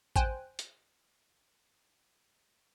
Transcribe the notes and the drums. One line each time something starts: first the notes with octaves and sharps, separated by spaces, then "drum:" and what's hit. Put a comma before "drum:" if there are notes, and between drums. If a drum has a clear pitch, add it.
C5 G5 G#5 F#6, drum: kick A1
drum: hi-hat